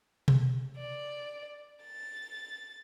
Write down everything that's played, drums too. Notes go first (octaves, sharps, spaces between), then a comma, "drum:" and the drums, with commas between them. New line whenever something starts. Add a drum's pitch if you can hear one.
drum: tom B2
D5
A6